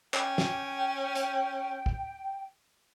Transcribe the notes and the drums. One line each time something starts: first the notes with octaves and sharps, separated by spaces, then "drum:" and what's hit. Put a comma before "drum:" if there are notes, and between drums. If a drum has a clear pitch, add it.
C#4 G5, drum: clap
drum: snare
drum: hi-hat
drum: kick